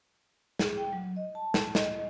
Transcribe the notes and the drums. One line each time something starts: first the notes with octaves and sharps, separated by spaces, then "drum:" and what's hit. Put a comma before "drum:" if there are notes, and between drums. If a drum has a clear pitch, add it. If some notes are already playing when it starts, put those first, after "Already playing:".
G#4, drum: snare
G5
F#3
D#5
A5
drum: snare
D#5, drum: snare